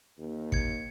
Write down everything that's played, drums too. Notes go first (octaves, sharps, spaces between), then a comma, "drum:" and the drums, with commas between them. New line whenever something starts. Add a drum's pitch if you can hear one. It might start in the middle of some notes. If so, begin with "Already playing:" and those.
D#2
G#6 C#7, drum: kick